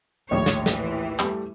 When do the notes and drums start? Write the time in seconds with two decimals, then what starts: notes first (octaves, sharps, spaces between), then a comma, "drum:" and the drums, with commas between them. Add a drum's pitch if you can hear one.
0.31 A#1 D#2 A2 C#5
0.46 drum: snare
0.66 E3, drum: snare
1.19 G3 A3, drum: clap